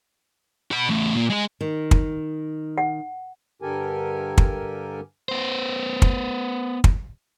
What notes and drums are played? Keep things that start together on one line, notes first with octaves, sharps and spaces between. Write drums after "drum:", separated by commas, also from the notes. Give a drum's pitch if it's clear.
F#4 B5
E2 A3
A#2
G#3 G#4
D#3
drum: kick
F#5
G2 D3 G4 A4 A#4 G#5
drum: kick
B3 C5
drum: kick
drum: kick